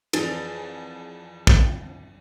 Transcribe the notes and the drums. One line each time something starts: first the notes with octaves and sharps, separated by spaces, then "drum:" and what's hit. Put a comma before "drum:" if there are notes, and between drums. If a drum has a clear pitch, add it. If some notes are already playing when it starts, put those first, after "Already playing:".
F2 E3 G#4 A6, drum: cymbal
drum: kick